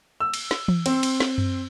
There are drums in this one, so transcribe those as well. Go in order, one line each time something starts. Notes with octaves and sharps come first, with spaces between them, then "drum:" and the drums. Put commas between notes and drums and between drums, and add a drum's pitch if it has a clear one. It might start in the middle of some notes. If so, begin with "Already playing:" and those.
E6
drum: cymbal
drum: snare
drum: tom E3
C4, drum: cymbal
drum: cymbal
drum: snare
drum: tom F#2